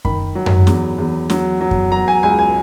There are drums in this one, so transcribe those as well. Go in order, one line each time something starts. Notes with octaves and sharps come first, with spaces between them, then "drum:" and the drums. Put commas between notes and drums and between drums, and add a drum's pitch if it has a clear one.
D#3 B5, drum: kick F#2
F#3
drum: tom F#2
E2, drum: snare
E2
F#3, drum: snare
F#3
drum: kick F#2
F#3 A#5
G#5
C#2 G#5
G#5